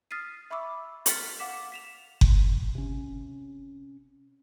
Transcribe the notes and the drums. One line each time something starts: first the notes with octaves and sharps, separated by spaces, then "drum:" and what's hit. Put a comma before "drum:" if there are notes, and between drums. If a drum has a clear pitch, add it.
D#6 F6 A6 B6 C7 D#7
E5 B5 C#6 D6 E6
F6 A6 B6 C#7 F7, drum: hi-hat
F5 F#5 D6 B6 E7
B6 E7 F7
drum: kick F#1
C3 C#4